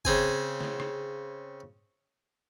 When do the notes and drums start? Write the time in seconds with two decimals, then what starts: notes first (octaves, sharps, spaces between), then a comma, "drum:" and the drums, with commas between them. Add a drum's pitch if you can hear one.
0.05 C#3 C4 G#5, drum: kick
0.61 drum: snare
0.80 drum: rim click